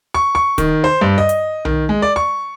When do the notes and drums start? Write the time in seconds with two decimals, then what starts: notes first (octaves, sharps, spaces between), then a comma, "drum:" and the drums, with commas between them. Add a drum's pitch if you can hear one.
0.14 C#6
0.35 C#6
0.58 D#3, drum: kick, hi-hat
0.84 C5
1.01 G2
1.18 D#5
1.29 drum: hi-hat
1.65 D#3, drum: tom B1
1.89 G#3
2.02 D5
2.16 C#6